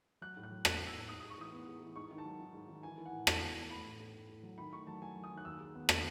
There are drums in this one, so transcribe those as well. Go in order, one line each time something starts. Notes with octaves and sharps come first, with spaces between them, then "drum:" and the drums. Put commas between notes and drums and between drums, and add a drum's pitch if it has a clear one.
F#3 F#6
A2
F#6
F#3
B3 F#6, drum: rim click
B3
E6
A2
G#2 D#6
D#6
G#3
C#6
E3 D#6
B3
G#3
E3
G#2 C#6
D#3
A5
F#3
D#3
G#2
D#3
E3 G#5
E3
F#5
A2
E3 A5, drum: rim click
B3
E3
A3 B5
A2
A2
A2
A2
F#3
D#3 B5
A3 C#6
F#3 A5
F#3 G#5
F#3
D#6
D#3
F#6
D#2 E6
G#3
B3
B3, drum: rim click